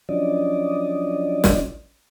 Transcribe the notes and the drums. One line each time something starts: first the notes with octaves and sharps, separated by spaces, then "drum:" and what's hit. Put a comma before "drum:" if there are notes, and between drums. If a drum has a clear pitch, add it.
F3 F#3 C#4 D4 D5 D#5
drum: snare